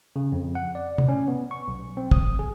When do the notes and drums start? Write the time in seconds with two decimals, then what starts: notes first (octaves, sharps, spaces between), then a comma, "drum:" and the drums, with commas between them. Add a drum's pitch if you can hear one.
0.16 C#3
0.32 F2
0.55 F#5
0.75 D5
0.98 drum: tom C3
1.08 C#4
1.28 B3
1.51 C#6
1.68 B1
1.97 C4
2.11 D#6, drum: kick
2.39 G#4